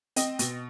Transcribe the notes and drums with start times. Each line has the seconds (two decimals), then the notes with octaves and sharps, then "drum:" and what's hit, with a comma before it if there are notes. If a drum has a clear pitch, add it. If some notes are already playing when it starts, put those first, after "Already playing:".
0.16 C4 D#5, drum: hi-hat
0.39 B2, drum: hi-hat